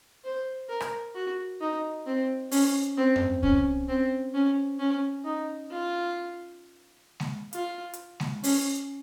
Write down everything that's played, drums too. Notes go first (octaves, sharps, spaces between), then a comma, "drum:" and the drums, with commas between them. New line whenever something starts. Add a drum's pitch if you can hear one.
C5
A#4
drum: rim click
F#4
D#4
C4
C#4, drum: open hi-hat
C4
drum: tom F2
C#4, drum: kick C2
C4
C#4
C#4
D#4
F4
drum: snare G#3
F4, drum: hi-hat
drum: hi-hat
drum: snare G#3
C#4, drum: open hi-hat